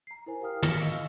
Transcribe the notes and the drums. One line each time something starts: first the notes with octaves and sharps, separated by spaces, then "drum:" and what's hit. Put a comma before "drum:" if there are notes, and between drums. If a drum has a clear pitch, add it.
A#5 C7
E4 A#4 C5 G#5
G4 A#4 F5 G5 D#6 F6
F6 A#6 B6 C#7, drum: tom
D#5 F5 C#6 E6